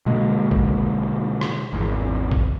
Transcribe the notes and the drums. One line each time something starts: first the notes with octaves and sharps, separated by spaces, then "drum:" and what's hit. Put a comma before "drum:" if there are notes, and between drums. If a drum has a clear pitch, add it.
B2 D3 G#3 A#3
drum: kick
drum: rim click
G#1 E2
drum: kick